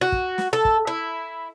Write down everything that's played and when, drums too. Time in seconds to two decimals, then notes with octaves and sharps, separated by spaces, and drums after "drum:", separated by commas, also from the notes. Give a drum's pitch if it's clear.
0.01 F#4
0.12 drum: kick
0.38 drum: snare
0.53 A4
0.65 drum: kick
0.87 E4